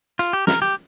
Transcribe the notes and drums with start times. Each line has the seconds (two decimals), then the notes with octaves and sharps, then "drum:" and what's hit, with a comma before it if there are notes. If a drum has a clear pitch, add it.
0.19 F4, drum: hi-hat
0.33 G4
0.47 A#4, drum: snare
0.62 G4